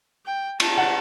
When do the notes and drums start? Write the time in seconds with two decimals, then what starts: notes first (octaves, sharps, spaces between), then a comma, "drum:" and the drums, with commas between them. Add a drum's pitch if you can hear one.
0.26 G5
0.60 A5, drum: cymbal
0.78 F#5